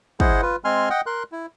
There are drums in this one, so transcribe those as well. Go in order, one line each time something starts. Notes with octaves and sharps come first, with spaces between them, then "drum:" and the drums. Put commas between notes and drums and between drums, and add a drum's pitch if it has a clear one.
E4 G#4 C5 D#5 F#5, drum: kick
F4 B4
G#3 C4 G#5 C6 F6
D#5 F#5 G5
A#4 C6 F#6
E4